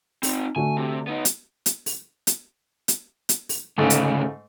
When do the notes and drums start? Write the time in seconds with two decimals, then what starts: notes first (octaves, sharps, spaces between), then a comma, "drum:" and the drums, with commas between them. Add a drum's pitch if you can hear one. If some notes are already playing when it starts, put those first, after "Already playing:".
0.23 C4 D#4, drum: open hi-hat
0.56 D3 A3 F#4 G#5
0.77 C3
1.07 B3 D#4
1.25 drum: hi-hat
1.66 drum: hi-hat
1.86 drum: open hi-hat
2.27 drum: hi-hat
2.88 drum: hi-hat
3.29 drum: hi-hat
3.49 drum: open hi-hat
3.78 D2 G#2 C#3 A3
3.90 drum: hi-hat